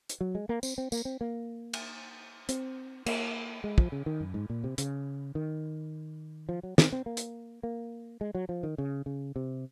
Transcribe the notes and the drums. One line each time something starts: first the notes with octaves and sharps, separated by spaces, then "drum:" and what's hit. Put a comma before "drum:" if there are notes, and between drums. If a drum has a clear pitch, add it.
drum: hi-hat
F#3
G#3
A#3
C4, drum: tambourine
C4
A#3, drum: tambourine
C4
A#3
drum: cymbal
C4, drum: hi-hat
A#3, drum: cymbal
G#3
F3, drum: kick
C#3
D#3
F#2
G#2
A#2
C3
C#3, drum: hi-hat
D#3
F3
F#3
C4, drum: snare
C4
A#3
drum: hi-hat
A#3
G#3
F#3
F3
D#3
C#3
C#3
C3